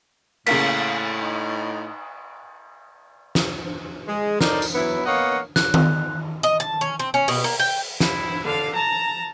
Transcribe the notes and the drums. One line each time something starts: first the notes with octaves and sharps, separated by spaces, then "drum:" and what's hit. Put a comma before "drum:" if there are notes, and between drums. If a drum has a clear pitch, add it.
A2 C#3 A#3 F5 B6, drum: cymbal
D#4
drum: snare
G#3
D#4 A4 A#4 C5 D5, drum: snare
drum: tambourine
E3 F#3 B3 E4
A#3 B3 C#5 D#5 F5 F#5
F#6, drum: snare
drum: tom D#3
D#5
A5
C#4
C4
C#4
B2, drum: open hi-hat
A#3
G5
E4, drum: snare
D3 F5
A5 A#5